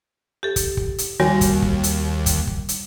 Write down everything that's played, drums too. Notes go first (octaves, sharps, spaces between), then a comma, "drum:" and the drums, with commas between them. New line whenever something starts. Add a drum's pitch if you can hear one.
G4 A4
drum: kick, hi-hat
drum: kick
drum: hi-hat
D#2 G3 F#4 C#5 G#5
drum: kick, hi-hat
drum: kick
drum: hi-hat
drum: kick, hi-hat
drum: kick
drum: hi-hat